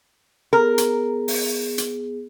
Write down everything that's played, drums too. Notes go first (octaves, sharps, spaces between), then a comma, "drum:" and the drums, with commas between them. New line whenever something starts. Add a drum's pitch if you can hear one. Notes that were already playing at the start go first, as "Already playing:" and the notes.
B3 G#4 A#4
drum: hi-hat
drum: open hi-hat
drum: hi-hat